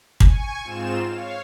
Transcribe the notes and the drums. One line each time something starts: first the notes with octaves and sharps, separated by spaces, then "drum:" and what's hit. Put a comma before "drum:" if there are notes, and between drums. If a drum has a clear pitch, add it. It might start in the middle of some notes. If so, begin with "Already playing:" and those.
G#5 C#6, drum: kick
G#2 C4 F4 E7
C#5 F5